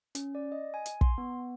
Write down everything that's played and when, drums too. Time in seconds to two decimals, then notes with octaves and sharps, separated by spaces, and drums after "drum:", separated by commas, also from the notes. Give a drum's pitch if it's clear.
0.15 C#4, drum: hi-hat
0.35 D5
0.52 D#5
0.74 G#5
0.86 drum: hi-hat
1.01 C6, drum: kick
1.18 B3